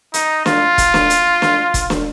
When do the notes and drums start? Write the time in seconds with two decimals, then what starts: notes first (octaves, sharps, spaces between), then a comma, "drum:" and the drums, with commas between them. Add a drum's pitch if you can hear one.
0.14 D#4, drum: hi-hat
0.46 F4, drum: snare
0.78 drum: kick E1, hi-hat
0.94 drum: snare
1.10 drum: hi-hat
1.42 drum: snare
1.74 drum: kick E1, hi-hat
1.90 drum: snare